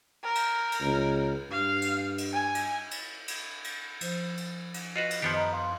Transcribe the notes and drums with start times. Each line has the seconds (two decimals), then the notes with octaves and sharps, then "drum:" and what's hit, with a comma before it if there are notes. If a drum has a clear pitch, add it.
0.23 A#4
0.35 drum: cymbal
0.72 drum: cymbal
0.81 C#2
1.51 G2 F5
1.82 drum: cymbal
2.18 drum: cymbal
2.32 G#5
2.55 drum: cymbal
2.91 drum: cymbal
3.28 drum: cymbal
3.64 drum: cymbal
4.01 F3 C5, drum: cymbal
4.37 drum: cymbal
4.74 drum: cymbal
4.96 F4 F#4 B4 D#5
5.11 drum: cymbal
5.22 F#2 D#3 F3 B3 G4 C7 C#7
5.34 D#5 A#5
5.53 F5 C6